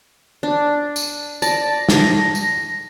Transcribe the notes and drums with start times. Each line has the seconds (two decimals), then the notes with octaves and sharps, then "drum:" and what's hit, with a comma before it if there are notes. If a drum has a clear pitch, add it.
0.43 D4
0.96 drum: tambourine
1.42 D5 A5 A#6, drum: tambourine
1.89 drum: snare
2.35 drum: tambourine